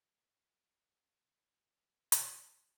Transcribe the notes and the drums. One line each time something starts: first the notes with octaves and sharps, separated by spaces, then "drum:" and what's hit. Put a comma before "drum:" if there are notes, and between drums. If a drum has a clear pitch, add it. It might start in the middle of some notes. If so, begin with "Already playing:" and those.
Already playing: F#4
C#5
B4
drum: hi-hat